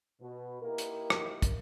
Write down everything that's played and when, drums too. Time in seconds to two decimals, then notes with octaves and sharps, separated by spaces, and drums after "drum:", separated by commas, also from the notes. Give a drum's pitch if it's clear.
0.22 B2
0.62 A#3 D#4 E4 G4 A#4
0.78 drum: hi-hat
1.10 drum: rim click
1.42 drum: kick, hi-hat